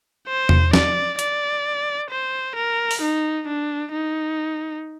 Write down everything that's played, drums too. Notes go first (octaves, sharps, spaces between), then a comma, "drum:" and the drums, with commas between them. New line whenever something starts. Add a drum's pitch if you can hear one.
C5
drum: tom E2
D5, drum: snare
D5, drum: hi-hat
C5
A#4
drum: open hi-hat
D#4
D4
D#4